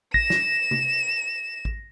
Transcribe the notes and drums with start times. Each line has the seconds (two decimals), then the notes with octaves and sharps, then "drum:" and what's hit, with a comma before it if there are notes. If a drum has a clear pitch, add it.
0.14 A#6 E7, drum: kick A1
0.30 drum: snare
0.71 drum: tom C3
1.65 drum: kick A1